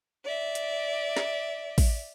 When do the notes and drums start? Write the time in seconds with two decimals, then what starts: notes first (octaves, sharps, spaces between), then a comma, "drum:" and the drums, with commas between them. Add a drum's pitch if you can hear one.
0.25 D5 E5
0.55 drum: hi-hat
1.17 drum: snare
1.78 drum: kick A1, open hi-hat